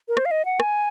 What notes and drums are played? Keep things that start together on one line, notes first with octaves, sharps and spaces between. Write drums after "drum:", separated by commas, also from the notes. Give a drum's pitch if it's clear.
A#4
C5, drum: rim click
F5
D#5
F#5
G#5, drum: rim click